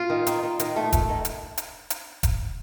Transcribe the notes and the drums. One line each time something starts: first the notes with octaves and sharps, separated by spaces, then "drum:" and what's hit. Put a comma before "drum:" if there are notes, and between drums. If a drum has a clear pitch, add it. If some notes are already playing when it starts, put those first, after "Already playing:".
Already playing: F4
D#3
D#3, drum: hi-hat
D#3
D#3, drum: hi-hat
A3
A3, drum: kick E1, hi-hat
D#3
drum: hi-hat
drum: hi-hat
drum: hi-hat
drum: kick E1, hi-hat